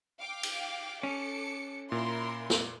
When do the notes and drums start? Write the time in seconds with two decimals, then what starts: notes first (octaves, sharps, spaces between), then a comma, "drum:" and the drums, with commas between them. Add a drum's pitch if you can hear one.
0.19 F5 G5 D6
0.43 drum: cymbal
1.03 C#4 A4 D6 C#7
1.92 A#2 E4 A#4 C6
2.50 drum: snare